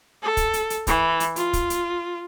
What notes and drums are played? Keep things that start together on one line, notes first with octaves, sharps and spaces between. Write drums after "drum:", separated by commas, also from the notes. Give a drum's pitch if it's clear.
A4
drum: kick, hi-hat
drum: hi-hat
drum: hi-hat
E3, drum: kick, hi-hat
drum: hi-hat
F4, drum: hi-hat
drum: kick, hi-hat
drum: hi-hat